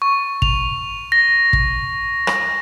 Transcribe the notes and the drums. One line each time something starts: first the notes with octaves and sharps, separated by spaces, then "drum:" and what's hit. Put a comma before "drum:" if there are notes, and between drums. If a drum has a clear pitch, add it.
C#6
F7, drum: kick
A#6
drum: kick
drum: rim click